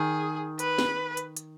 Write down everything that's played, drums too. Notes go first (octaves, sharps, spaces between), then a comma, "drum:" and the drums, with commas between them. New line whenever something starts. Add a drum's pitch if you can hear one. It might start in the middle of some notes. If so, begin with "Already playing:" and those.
Already playing: D#3 G#4
B4, drum: hi-hat
drum: snare
drum: hi-hat
drum: hi-hat